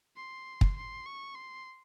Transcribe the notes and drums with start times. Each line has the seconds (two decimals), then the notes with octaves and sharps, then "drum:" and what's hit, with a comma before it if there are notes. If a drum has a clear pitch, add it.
0.16 C6
0.61 drum: kick
0.77 C6
1.06 C#6
1.35 C6